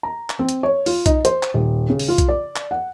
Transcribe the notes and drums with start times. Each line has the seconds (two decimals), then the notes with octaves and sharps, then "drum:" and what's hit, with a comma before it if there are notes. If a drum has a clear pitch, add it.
0.03 A#5
0.30 drum: clap
0.39 C4
0.49 drum: hi-hat
0.63 C#5
0.86 F4, drum: open hi-hat
1.06 D#4, drum: kick B1, hi-hat
1.25 C5, drum: hi-hat
1.43 drum: clap
1.54 D#1
1.90 C#3
1.99 drum: open hi-hat
2.08 F4
2.18 drum: kick B1, hi-hat
2.29 D5
2.56 drum: clap
2.71 F#5